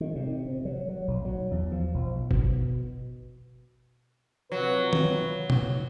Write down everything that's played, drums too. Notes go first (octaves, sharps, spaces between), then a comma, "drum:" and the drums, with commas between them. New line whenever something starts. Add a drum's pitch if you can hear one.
D#3
C3
C3
F#3
F#3
B1
F#3
E2
F3
B1
B2, drum: kick G1
C3 F#3 F4 B4
drum: tom D#3
drum: tom B2